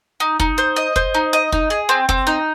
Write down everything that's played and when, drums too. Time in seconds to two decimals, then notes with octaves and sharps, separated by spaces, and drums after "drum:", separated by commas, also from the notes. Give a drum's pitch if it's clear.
0.20 D#4
0.40 D#4, drum: kick
0.58 C5
0.76 D#5
0.96 C5, drum: kick
1.14 D#4
1.33 D#5
1.52 D#4, drum: kick
1.70 G#4
1.89 C4
2.09 C4, drum: kick
2.27 D#4